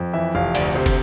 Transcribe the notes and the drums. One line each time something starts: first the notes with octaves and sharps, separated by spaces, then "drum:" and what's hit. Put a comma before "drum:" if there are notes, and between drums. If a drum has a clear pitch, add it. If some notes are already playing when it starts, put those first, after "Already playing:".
Already playing: F2
E3 E5
F1 F5
D2 D5, drum: cymbal
C3 C5
drum: kick, cymbal